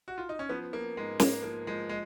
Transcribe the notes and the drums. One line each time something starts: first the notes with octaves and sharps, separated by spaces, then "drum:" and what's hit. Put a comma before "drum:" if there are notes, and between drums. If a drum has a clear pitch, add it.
F#4
F4
D#4
C#4
F3 B3
F3 A#3
G#2 G#3
G#2 A#3, drum: snare
F3 A#3
F3 G#3
G#3